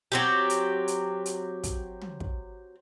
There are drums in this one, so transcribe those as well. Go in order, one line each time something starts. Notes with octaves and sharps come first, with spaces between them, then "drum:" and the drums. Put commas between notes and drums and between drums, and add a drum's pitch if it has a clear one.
F#3 C4 G4
drum: hi-hat
drum: hi-hat
drum: hi-hat
drum: kick, hi-hat
drum: tom
drum: kick